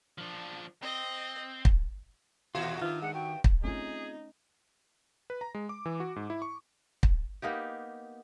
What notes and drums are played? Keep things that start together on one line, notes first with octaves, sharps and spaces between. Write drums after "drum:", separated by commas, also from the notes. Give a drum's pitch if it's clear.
F3 D4
C4 D#5
drum: kick
D#2 A#2 F4 F#4
G2 D#3 F4
G#3 F#5
F#4 G5
drum: kick
A3 C4 C#4 D#4 F4 G#4
B4
A#5
G#3
D6
E3
F#4
G#2
E4
C#6
drum: kick
A#3 B3 D#4 G4